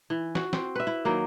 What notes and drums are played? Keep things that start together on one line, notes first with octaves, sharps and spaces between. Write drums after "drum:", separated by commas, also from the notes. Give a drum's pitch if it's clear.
E3
F#4, drum: snare
C4, drum: snare
B4 E5
E4
D#3 F#3 A#3